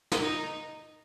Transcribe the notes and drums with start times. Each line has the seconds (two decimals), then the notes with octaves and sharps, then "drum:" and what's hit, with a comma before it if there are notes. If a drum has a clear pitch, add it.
0.12 drum: snare
0.21 D#4